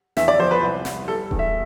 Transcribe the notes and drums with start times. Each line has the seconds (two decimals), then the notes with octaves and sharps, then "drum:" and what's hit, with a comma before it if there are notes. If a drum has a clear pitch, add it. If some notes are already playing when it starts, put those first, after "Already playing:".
0.17 E2 E5, drum: snare
0.28 D5
0.39 F3 C5
0.51 B4
0.62 C2
0.85 C2, drum: snare
1.08 G3 A4
1.31 E2, drum: kick D#1
1.39 E5